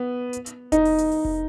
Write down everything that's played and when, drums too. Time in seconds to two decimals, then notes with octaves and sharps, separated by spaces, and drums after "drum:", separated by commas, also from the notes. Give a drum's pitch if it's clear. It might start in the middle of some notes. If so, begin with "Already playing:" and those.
Already playing: B3
0.33 drum: hi-hat
0.46 drum: hi-hat
0.72 D#4, drum: kick F1, hi-hat
0.85 drum: open hi-hat
0.98 drum: hi-hat
1.12 drum: open hi-hat
1.25 drum: kick F1